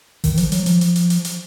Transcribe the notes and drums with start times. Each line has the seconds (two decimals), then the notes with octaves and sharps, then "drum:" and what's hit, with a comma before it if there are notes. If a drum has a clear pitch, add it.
0.24 D#3, drum: kick G#1, open hi-hat
0.34 D#3
0.37 F3, drum: hi-hat
0.52 F#3, drum: hi-hat
0.63 F#3
0.66 F3, drum: hi-hat
0.81 drum: hi-hat
0.96 drum: hi-hat
1.10 drum: hi-hat
1.25 drum: hi-hat